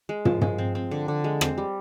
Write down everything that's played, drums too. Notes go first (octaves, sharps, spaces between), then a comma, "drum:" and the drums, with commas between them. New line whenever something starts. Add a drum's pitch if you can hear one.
G#3
F3, drum: tom
G#3, drum: tom
C4
C4
D3
D3
G#3
C4, drum: rim click
G3